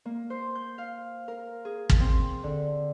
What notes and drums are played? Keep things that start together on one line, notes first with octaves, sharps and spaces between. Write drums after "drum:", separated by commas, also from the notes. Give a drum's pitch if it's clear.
A#3
C5
G6
F5
A#4
G#4
drum: kick
C4
D3